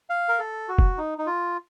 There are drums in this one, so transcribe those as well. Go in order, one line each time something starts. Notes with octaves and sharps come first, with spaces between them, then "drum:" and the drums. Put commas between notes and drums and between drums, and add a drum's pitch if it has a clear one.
F5
A#4
A4
F#4
drum: kick
D#4
D#4
F4